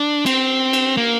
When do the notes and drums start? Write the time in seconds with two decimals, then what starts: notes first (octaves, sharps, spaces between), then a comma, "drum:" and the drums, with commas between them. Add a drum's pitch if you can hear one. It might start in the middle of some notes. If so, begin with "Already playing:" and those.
Already playing: D4
0.26 C4, drum: cymbal
0.73 drum: cymbal
0.97 A#3